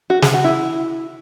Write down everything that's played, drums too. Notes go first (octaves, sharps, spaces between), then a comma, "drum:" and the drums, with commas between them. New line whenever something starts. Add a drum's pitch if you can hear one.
F#4
G#4, drum: snare
F#4
E4